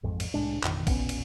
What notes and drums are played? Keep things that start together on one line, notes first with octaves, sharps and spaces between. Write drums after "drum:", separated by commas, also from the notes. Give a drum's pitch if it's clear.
A1 F2 G#2
drum: cymbal
C2 A2 G#3 D4
A1 F2 B2 D#3, drum: clap
E1 A#1 B3 C#4, drum: kick, cymbal
drum: cymbal